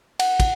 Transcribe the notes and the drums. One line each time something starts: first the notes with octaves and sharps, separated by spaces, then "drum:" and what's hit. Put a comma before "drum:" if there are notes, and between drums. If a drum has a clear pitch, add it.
F#5, drum: cymbal
drum: kick, cymbal